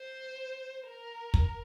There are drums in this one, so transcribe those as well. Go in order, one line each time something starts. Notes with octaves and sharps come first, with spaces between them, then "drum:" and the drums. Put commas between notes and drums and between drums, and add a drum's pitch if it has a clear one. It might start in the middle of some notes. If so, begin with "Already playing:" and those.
Already playing: C5
A#4
drum: kick